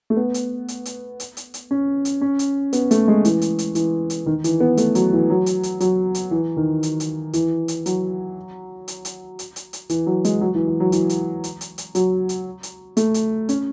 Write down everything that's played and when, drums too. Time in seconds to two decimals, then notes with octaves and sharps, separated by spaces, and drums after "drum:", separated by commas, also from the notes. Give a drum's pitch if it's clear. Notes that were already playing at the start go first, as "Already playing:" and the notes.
0.10 A3
0.17 B3
0.34 drum: hi-hat
0.68 drum: hi-hat
0.85 drum: hi-hat
1.20 drum: hi-hat
1.37 drum: hi-hat
1.54 drum: hi-hat
1.71 C#4
2.05 drum: hi-hat
2.21 C#4
2.39 drum: hi-hat
2.73 B3, drum: hi-hat
2.91 A3, drum: hi-hat
3.08 G#3
3.25 E3, drum: hi-hat
3.41 drum: hi-hat
3.59 drum: hi-hat
3.75 E3, drum: hi-hat
4.10 drum: hi-hat
4.26 D#3
4.44 E3, drum: hi-hat
4.60 B3
4.77 A3, drum: hi-hat
4.95 F#3, drum: hi-hat
5.13 E3
5.30 F#3
5.46 drum: hi-hat
5.63 drum: hi-hat
5.80 F#3, drum: hi-hat
6.15 drum: hi-hat
6.31 E3
6.57 D#3
6.83 drum: hi-hat
7.00 drum: hi-hat
7.33 E3, drum: hi-hat
7.68 drum: hi-hat
7.86 F#3, drum: hi-hat
8.88 drum: hi-hat
9.05 drum: hi-hat
9.39 drum: hi-hat
9.56 drum: hi-hat
9.73 drum: hi-hat
9.90 E3, drum: hi-hat
10.07 F#3
10.25 G#3, drum: hi-hat
10.41 F#3
10.55 E3
10.67 E3
10.80 F#3
10.92 E3, drum: hi-hat
11.10 drum: hi-hat
11.44 drum: hi-hat
11.61 drum: hi-hat
11.78 drum: hi-hat
11.95 F#3, drum: hi-hat
12.29 drum: hi-hat
12.63 drum: hi-hat
12.97 A3, drum: hi-hat
13.14 drum: hi-hat
13.49 C#4, drum: hi-hat